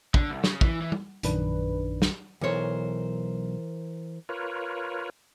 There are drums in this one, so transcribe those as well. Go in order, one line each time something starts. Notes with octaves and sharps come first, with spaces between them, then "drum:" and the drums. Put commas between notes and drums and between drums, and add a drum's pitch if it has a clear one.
D3, drum: kick
C2
C#3, drum: snare
E3, drum: kick
E3
drum: tom
A#1 F#2 D#3 D4 B4, drum: hi-hat
drum: snare
B1 E3 A#4 C5 C#5
F4 A#4 B4 C#5